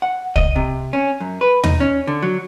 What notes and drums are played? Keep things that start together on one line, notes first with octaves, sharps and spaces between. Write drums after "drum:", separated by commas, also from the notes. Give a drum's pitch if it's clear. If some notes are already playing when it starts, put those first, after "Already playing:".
F#5
D#5, drum: kick
C3
C#4
F#2
B4
D#4, drum: tom
C#4
D3
F#3